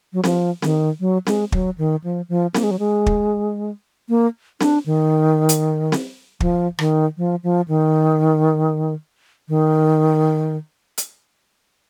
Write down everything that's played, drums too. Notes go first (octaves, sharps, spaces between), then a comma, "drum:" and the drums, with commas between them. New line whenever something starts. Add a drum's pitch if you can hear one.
F#3
F3, drum: snare C4
D#3, drum: snare C4
F#3
G#3, drum: snare C4
F#3, drum: kick
D#3
F3
F3
A#3, drum: snare C4
G#3
F#3
G#3
drum: kick
A#3
D4, drum: snare C4
D#3
drum: hi-hat
drum: snare C4
F3, drum: kick
D#3, drum: rim click
F3
F3
D#3
D#3
drum: hi-hat